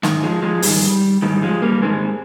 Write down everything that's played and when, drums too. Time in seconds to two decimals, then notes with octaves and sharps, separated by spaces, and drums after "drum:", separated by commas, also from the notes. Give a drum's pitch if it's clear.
0.03 G#2 D#3, drum: snare
0.23 F3 G#3
0.42 F3 G#3
0.62 G#2 D#3 G3, drum: open hi-hat
1.22 G#2 D#3 G3
1.42 F3 G#3
1.62 G3 A#3
1.82 G#2 D#3 G#3 C4